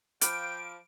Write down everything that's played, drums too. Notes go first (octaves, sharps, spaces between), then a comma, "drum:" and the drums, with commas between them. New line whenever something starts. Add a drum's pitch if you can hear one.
F3 G5 B5 D6 F6 D7, drum: hi-hat